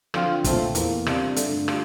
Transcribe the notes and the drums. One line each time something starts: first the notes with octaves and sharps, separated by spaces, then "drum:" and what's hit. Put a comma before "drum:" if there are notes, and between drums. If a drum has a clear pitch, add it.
D3 F3 C4 F4, drum: rim click
A#2 F3 A3 C4, drum: kick, hi-hat
E2 E3 A#3, drum: hi-hat
C3 G3 D4 F4, drum: rim click
G2 D3 A3, drum: hi-hat
G3 D4 F4, drum: rim click